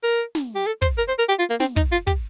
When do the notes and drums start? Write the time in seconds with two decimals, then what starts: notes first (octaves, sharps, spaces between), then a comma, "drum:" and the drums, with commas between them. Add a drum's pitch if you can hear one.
0.03 A#4
0.35 drum: snare
0.55 G4
0.66 A4
0.82 C5, drum: kick
0.98 A#4
1.08 C5
1.19 A#4
1.29 G4
1.39 F4
1.50 A#3
1.60 C4, drum: snare
1.76 D#4, drum: kick
1.92 F4
2.07 G4, drum: kick